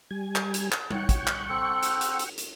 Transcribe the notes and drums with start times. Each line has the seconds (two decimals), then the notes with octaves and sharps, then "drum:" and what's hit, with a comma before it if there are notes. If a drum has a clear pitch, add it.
0.11 G3 G#5
0.35 drum: clap
0.54 drum: hi-hat
0.72 drum: clap
0.91 C#5 F#5 G5 C#6, drum: tom G3
1.09 drum: kick, hi-hat
1.27 drum: clap
1.49 C4 A4
1.82 drum: hi-hat
2.01 drum: hi-hat
2.19 drum: hi-hat
2.38 drum: hi-hat